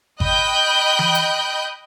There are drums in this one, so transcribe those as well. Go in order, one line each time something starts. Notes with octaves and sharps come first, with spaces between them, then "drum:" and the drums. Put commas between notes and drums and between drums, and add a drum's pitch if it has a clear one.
D#5 G5 B5 F#6 G6, drum: kick G#1
drum: tom E3
drum: hi-hat